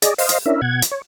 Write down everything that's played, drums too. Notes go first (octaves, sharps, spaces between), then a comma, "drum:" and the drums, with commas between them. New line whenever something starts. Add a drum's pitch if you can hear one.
G#4 D5 D#5, drum: hi-hat
C5 D#5 F5, drum: open hi-hat
drum: hi-hat
C#4 D4 E4 A#4 E5
B2 F#5 G#6
drum: hi-hat
C#5